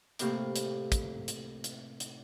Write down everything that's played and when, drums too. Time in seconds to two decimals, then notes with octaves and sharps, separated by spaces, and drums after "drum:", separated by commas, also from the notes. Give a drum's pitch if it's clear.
0.19 A2 C3 A#3 G4 F5 C#6, drum: hi-hat
0.56 drum: hi-hat
0.92 drum: kick, hi-hat
1.28 drum: hi-hat
1.64 drum: hi-hat
2.00 drum: hi-hat